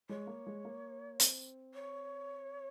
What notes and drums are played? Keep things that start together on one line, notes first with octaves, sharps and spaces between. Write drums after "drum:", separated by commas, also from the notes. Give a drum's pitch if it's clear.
G#3 C#5
A#3
G#3
A#3
C4, drum: hi-hat
C#5